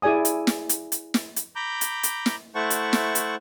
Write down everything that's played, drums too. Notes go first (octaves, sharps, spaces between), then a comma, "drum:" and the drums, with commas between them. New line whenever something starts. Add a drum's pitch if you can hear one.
E4 G#4 D5 G#5 D#6
drum: hi-hat
drum: snare
drum: hi-hat
drum: hi-hat
drum: snare
drum: hi-hat
A#5 B5 D6 G6
drum: hi-hat
drum: hi-hat
drum: snare
A3 E4 C5 F#5 A5 C#6
drum: hi-hat
drum: snare
drum: hi-hat